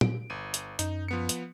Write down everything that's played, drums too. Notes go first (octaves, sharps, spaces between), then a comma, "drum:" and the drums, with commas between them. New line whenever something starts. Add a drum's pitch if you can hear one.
D7, drum: tom
G1 D#7
drum: hi-hat
F#2 D#4, drum: hi-hat
F3 B3 C#7
drum: hi-hat